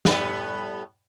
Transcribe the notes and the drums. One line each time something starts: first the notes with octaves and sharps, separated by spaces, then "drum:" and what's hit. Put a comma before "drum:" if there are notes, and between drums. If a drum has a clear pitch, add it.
A2 G3 B3, drum: snare